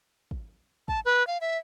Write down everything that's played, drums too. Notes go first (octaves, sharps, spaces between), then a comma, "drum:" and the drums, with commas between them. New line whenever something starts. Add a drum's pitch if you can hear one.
drum: kick
A5, drum: kick
B4
F5
E5